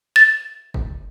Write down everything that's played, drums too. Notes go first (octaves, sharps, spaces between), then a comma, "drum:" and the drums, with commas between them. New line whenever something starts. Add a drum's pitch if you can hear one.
A6
drum: kick F#1